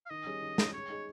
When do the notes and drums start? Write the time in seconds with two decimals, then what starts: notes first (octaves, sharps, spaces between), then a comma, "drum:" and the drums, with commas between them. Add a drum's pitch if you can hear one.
0.06 F5
0.10 D#3 D#5
0.26 G3 C#4 G#4
0.42 D#3
0.58 G3 C#4 G#4, drum: snare
0.73 G#3 C#5
0.90 D#4 G#4